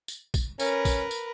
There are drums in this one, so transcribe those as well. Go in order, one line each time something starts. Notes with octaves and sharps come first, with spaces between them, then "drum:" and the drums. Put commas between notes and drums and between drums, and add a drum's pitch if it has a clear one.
drum: tambourine
drum: kick, tambourine
C#4 A#4 B4, drum: tambourine
drum: kick, tambourine
drum: tambourine